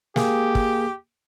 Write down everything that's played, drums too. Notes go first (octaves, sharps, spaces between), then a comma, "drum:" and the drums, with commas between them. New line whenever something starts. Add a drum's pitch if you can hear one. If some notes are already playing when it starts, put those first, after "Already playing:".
A#3 G4 G#4, drum: snare
drum: kick